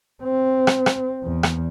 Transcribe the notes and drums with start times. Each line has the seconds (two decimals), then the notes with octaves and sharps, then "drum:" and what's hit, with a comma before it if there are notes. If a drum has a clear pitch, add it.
0.23 C4
0.67 drum: rim click
0.86 drum: rim click
1.24 E2
1.43 drum: rim click